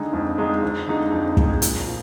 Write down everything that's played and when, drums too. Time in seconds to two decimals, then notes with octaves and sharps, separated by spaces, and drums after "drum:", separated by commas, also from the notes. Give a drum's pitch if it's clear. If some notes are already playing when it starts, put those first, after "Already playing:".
Already playing: D3 G#3 D#4 G#4
0.13 F2
0.37 D3 G#3 D#4 G#4
0.63 F2
0.87 D3 G#3 D#4 G#4
1.12 F2
1.37 D3 G#3 D#4 G#4, drum: kick
1.62 A#2, drum: hi-hat
1.86 F3